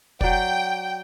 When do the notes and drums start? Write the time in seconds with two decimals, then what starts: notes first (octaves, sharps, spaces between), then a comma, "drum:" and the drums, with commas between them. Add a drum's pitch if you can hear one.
0.21 F#3 D5 G5, drum: kick